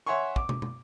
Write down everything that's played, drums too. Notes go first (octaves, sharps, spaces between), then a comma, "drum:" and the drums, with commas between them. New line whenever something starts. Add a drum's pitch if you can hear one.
C#5 E5 F#5 G#5 C6 C#6
D6, drum: kick
drum: tom
drum: tom